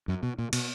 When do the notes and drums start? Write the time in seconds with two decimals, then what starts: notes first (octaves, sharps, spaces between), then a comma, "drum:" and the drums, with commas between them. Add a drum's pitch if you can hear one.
0.08 F#2
0.23 B2
0.38 A#2
0.53 B2, drum: cymbal